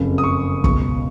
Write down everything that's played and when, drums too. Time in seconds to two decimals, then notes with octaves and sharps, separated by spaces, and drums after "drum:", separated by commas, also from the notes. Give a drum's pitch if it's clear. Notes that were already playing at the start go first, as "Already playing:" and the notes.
Already playing: F#1 F2 C#3
0.18 D#6
0.24 C#6
0.64 C#2 B2 C#6, drum: kick